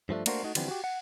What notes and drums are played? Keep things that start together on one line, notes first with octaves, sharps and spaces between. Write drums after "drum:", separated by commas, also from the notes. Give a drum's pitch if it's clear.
G2 F3 A3 D4
A3 A#3 D4 F#4 A#4 C5, drum: cymbal
A3 D#4 F#4
D3 E3 F3 G3 B3 C4, drum: cymbal
F#4 G4
F#5